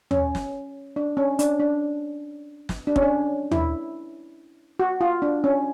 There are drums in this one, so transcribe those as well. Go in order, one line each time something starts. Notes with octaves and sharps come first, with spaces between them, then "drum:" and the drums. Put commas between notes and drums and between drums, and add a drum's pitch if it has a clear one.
C#4, drum: tom
drum: snare
D4
C#4
D4, drum: hi-hat
D4
drum: snare
D4
C#4, drum: kick
D4
E4, drum: tom
F#4
F4
D4
C#4